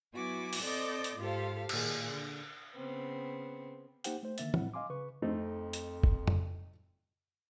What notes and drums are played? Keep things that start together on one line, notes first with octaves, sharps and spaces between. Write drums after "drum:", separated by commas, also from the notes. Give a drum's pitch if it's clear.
F#3 B3 E4 F#4 G#5 D6
drum: open hi-hat
C4 A4 D5 D#5 D6 G6
drum: hi-hat
G#2 F4 G4 A4 C5 F5
A#2 D#3 G#4, drum: cymbal
D3
C#3 B3 C4
A#3 D#4 G4 C5 F#5 G5, drum: hi-hat
A3 C5
D3 D#3 A#3 E5 A6, drum: hi-hat
A2 F3 G3 C4 E4 F#5, drum: tom
D#5 F5 G#5 C6 D6
C#3 B4 C#6
F2 A3 C4 D#4
drum: hi-hat
drum: kick F#1
drum: tom F2